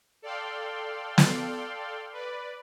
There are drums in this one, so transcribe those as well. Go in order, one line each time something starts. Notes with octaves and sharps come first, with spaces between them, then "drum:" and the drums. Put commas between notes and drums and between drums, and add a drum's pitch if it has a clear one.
A4 D5 F5 G5 C6
drum: snare
B4 D5